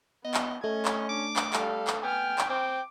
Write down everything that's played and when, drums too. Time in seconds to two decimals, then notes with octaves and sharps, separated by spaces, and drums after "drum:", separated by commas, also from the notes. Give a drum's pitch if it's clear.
0.24 B3 D#5
0.34 drum: clap
0.64 A3 C#4 D#5 G#6
0.85 drum: clap
1.09 D4 D6
1.36 drum: clap
1.53 G3 A4 F5, drum: clap
1.87 drum: clap
2.03 B3 G5 G#5 F6
2.38 drum: clap
2.50 C4 G5 D6